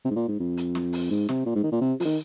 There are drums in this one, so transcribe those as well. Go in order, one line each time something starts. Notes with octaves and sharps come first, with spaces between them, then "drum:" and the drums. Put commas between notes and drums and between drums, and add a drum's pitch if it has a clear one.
C3
G#2
A#2
G#2
F2
drum: hi-hat
drum: snare
drum: open hi-hat
G#2
C3, drum: snare
A#2
G#2
D#3
A#2
C3
F3, drum: open hi-hat
D#3